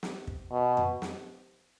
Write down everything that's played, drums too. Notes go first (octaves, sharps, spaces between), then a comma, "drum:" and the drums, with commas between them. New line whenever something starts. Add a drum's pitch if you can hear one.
drum: snare
drum: kick
B2
drum: tom F2
drum: snare